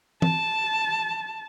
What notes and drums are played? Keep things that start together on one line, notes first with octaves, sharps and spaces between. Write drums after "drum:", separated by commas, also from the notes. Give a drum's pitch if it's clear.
A5, drum: tom E3